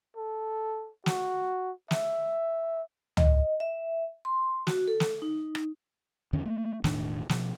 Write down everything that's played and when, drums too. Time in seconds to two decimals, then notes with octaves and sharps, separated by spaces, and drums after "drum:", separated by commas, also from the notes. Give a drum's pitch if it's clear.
0.17 A4
1.06 F#4, drum: snare
1.91 E5, drum: snare
3.17 D#5, drum: tom
3.60 E5
4.25 C6
4.67 F#4, drum: snare
4.88 A4
5.00 drum: snare
5.22 D#4
5.55 drum: rim click
6.33 E2 D3 D#3 C#4
6.45 A3 A#3
6.84 E1 A2 D#3 D4, drum: snare
7.29 B2 F3, drum: snare